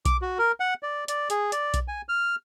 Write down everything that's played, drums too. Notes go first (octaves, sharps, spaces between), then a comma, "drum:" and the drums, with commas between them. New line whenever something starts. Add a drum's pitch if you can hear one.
D6, drum: kick B1, hi-hat
F#4
A#4
F#5
D5
D5, drum: hi-hat
G#4, drum: hi-hat
D5, drum: hi-hat
drum: kick B1, hi-hat
G#5
F6